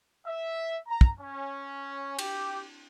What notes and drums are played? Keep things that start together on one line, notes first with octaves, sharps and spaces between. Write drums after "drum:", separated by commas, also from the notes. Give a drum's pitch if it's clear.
E5
A#5
drum: kick
C#4
G4, drum: cymbal